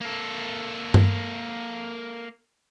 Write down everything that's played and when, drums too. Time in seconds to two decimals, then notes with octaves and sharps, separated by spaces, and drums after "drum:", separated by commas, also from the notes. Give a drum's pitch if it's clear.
0.01 A#3 A4
0.94 drum: tom G2